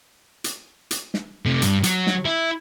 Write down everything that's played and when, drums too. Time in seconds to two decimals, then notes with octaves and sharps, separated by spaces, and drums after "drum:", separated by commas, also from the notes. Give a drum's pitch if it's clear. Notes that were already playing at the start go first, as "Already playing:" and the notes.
0.44 drum: hi-hat
0.91 drum: hi-hat
1.14 drum: snare
1.46 C3 A3
1.62 G2, drum: hi-hat
1.84 F#3, drum: hi-hat
2.07 drum: snare
2.25 E4